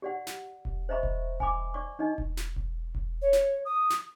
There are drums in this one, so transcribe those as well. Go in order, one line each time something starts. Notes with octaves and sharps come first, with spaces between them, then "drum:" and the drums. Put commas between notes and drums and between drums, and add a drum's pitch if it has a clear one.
G4 D5 F#5
drum: snare
drum: kick E1
C5 D#5 E5 A#5 B5 C#6
drum: kick E1
G#5 B5 D6, drum: kick E1
D5 C#6
D4 D#4 D#5
drum: kick E1
drum: snare
drum: kick E1
drum: kick E1
C#5
drum: snare
D#6
drum: snare